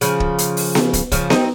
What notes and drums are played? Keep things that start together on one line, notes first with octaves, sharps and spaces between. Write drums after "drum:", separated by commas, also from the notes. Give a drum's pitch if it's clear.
C#3 F3, drum: hi-hat
drum: kick
drum: hi-hat
drum: open hi-hat
drum: snare B3
drum: kick, hi-hat
C#3 F3, drum: kick, hi-hat
C4 D#4, drum: snare B3